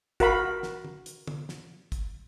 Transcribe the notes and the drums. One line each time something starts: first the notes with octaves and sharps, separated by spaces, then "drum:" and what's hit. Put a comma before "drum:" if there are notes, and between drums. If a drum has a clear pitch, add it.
F#4 A#4 F5 B5, drum: kick, hi-hat
drum: snare
drum: tom D#3
drum: hi-hat
drum: tom
drum: snare
drum: kick, hi-hat